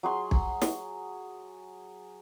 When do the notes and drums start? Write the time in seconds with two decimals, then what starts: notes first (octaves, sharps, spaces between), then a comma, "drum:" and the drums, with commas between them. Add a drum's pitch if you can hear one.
0.03 F#3 G#4 C6
0.31 drum: kick
0.62 drum: snare